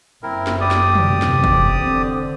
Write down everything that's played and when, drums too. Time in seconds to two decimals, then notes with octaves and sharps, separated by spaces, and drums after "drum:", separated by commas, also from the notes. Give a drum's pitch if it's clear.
0.23 F#1 C4 E4 A#4
0.47 drum: snare
0.60 G4 D5 D#6
0.71 drum: snare
0.95 drum: tom
1.22 E2 C3, drum: snare
1.44 drum: kick
1.77 D3 C4